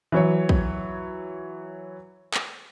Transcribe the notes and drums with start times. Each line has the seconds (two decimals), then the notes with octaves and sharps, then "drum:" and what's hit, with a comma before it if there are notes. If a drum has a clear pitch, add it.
0.12 E3 F#3 C#5
0.49 drum: kick
2.34 drum: clap